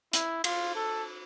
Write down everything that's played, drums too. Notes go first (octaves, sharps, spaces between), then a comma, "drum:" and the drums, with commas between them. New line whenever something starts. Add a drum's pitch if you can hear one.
E4, drum: hi-hat
F4, drum: cymbal
A4